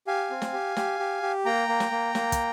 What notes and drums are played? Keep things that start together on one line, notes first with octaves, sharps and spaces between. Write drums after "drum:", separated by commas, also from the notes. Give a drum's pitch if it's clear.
G4 F5 G#5
C4
drum: snare
G4
G4, drum: snare
G4
G4
A#3 G5 A#5
A#3
drum: snare
A#3
A#3, drum: snare
drum: kick, hi-hat